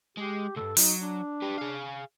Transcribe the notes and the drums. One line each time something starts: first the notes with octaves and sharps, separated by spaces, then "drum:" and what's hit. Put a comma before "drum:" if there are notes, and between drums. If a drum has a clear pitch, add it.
G#3 G4
C#2 G2 A4
F#3 D#4, drum: open hi-hat
D4
G4 B4
G#4 F5